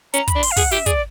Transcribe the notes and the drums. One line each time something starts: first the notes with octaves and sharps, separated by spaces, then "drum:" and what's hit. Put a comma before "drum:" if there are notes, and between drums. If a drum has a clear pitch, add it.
C#4 A#5, drum: hi-hat
B5, drum: kick, hi-hat
D4
C6, drum: open hi-hat
F5
G#4 F#5, drum: kick, open hi-hat
G4 E5, drum: snare
G#4 D5, drum: kick, hi-hat